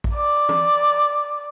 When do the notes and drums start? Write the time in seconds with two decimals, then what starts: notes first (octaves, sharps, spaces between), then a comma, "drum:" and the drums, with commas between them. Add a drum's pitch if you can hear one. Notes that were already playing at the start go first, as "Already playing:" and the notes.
0.04 drum: kick
0.14 D5
0.49 drum: tom